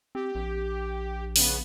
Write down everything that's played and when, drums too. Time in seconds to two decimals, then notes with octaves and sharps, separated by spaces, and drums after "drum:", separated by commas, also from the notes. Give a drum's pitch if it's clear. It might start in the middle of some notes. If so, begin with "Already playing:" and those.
0.15 C4 G4
0.35 A#1
1.36 C#3 B3, drum: open hi-hat